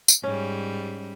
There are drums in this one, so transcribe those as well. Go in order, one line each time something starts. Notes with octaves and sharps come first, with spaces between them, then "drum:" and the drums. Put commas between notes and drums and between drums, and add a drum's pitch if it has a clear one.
drum: tambourine
G#2 G3 C#4